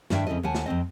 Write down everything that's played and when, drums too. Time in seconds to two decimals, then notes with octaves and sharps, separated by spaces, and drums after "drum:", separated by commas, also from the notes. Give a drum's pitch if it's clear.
0.10 G2 D#3 D4 E5 G5, drum: snare
0.27 F2 C#3 E4 A4 D#5
0.43 D#2 A#4 F#5 G#5 A5
0.55 drum: snare
0.66 F2 E3 C4 D#5